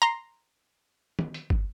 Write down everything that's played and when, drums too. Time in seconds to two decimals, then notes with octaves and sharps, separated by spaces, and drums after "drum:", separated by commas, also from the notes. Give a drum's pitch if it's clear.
0.02 A#5 C6
1.19 drum: tom
1.34 drum: hi-hat
1.50 drum: kick